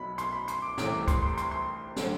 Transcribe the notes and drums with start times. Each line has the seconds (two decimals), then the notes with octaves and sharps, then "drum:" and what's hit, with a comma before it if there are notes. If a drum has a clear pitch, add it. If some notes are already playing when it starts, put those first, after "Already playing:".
Already playing: B1 B2 F#3 B5
0.18 C6, drum: hi-hat
0.32 B5
0.48 C6, drum: hi-hat
0.62 D6
0.77 C2 C3 E3 A3 D6, drum: snare
1.08 C6, drum: kick, hi-hat
1.23 C6
1.38 C6, drum: hi-hat
1.51 C6
1.96 D3 F#3 A3, drum: snare